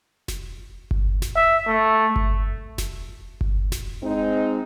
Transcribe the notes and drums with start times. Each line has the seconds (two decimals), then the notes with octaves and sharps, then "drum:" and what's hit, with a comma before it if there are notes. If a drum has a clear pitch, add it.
0.28 drum: snare F1
0.91 drum: kick G1
1.22 drum: snare F1
1.36 E5
1.67 A3
2.16 drum: kick G1
2.78 drum: snare F1
3.41 drum: kick G1
3.72 drum: snare F1
4.03 G#3 C4 D#4